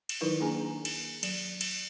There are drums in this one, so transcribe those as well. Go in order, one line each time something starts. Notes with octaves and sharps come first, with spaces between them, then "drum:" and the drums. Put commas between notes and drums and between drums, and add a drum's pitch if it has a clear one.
drum: cymbal
D#3 F#3 D#4 E4 A#4 B4
A#3 D4 G#4 G#5 A#5
drum: cymbal
F#3, drum: cymbal
drum: cymbal